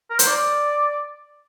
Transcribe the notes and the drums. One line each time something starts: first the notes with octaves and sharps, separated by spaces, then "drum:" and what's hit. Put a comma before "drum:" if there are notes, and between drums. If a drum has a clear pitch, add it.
A#4
C5, drum: hi-hat
D5